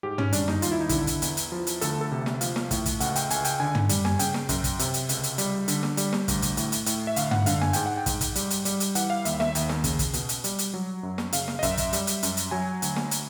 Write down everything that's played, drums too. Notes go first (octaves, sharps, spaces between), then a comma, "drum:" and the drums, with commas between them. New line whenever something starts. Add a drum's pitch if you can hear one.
G#2 G4
C#4, drum: tom
G3 D4, drum: hi-hat
D#4, drum: snare
D#2 F4, drum: hi-hat
E4
D#4
D3 E4, drum: kick, hi-hat
drum: kick, hi-hat
E2, drum: hi-hat
drum: hi-hat
F3
drum: hi-hat
D2 A4, drum: hi-hat
A4
C3
drum: snare
F3 F5, drum: hi-hat
drum: snare
A2, drum: kick, hi-hat
drum: kick, hi-hat
C#2 F#5, drum: hi-hat
G5, drum: hi-hat
C#2 G#5, drum: hi-hat
G5, drum: hi-hat
D3 G#5
drum: tom
G3, drum: hi-hat
G#5, drum: snare
C#3 G5, drum: hi-hat
drum: snare
F#2, drum: kick, hi-hat
drum: kick, hi-hat
C3, drum: hi-hat
drum: hi-hat
C#2, drum: hi-hat
drum: hi-hat
G3, drum: hi-hat
D3, drum: hi-hat
drum: snare
G3, drum: hi-hat
drum: snare
D2, drum: kick, hi-hat
drum: kick, hi-hat
A2, drum: hi-hat
drum: hi-hat
A2, drum: hi-hat
E5
D2 F5, drum: hi-hat
F#5, drum: tom
D3 F5, drum: hi-hat
G#5, drum: snare
G#2 G5, drum: hi-hat
F#5
G5
G#2, drum: kick, hi-hat
drum: kick, hi-hat
G3, drum: hi-hat
drum: hi-hat
G3, drum: hi-hat
drum: hi-hat
E3 F#5, drum: hi-hat
F5
D#2 E5, drum: hi-hat
E5, drum: snare
D#2, drum: hi-hat
drum: snare
C#3, drum: kick, hi-hat
drum: kick, hi-hat
B2, drum: hi-hat
drum: hi-hat
G3, drum: hi-hat
drum: hi-hat
F#3
F#2
drum: snare
C#3 F5, drum: hi-hat
drum: snare
D#5
F#2 E5, drum: kick, hi-hat
drum: kick, hi-hat
G3, drum: hi-hat
drum: hi-hat
F#2, drum: hi-hat
drum: hi-hat
F#3 G#5
D2, drum: hi-hat
drum: snare
drum: hi-hat